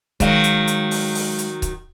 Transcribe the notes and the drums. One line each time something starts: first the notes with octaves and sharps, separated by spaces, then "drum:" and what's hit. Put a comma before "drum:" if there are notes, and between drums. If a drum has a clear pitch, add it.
D#3 F#3 G#3 F5, drum: kick C#1, hi-hat
drum: hi-hat
drum: hi-hat
drum: open hi-hat
drum: open hi-hat
drum: hi-hat
drum: kick C#1, hi-hat